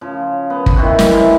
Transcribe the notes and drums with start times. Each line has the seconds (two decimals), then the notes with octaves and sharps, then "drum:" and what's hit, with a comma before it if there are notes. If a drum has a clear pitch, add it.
0.01 C#3 F3
0.50 B3
0.66 drum: kick
0.76 D#3 E3 C4 F#4
0.99 drum: snare
1.13 A2 E3 F#3